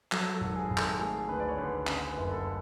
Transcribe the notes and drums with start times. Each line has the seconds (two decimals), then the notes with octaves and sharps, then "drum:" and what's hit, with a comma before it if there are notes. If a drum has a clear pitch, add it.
0.12 F#3 A4, drum: clap
0.34 A4
0.41 G#1
0.56 G#4
0.70 G#1
0.77 A4, drum: clap
1.00 A3 G#4
1.29 D2 B4
1.40 D5
1.48 C#5
1.58 D2 B4
1.87 C#3 G#4, drum: clap
2.10 B4
2.17 F#1
2.31 A4